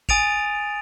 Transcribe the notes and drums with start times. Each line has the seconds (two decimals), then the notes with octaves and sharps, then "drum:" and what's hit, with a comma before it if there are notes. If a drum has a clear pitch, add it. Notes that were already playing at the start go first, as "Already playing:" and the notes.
0.09 G#5 D#6 A6 D7 D#7 F7, drum: kick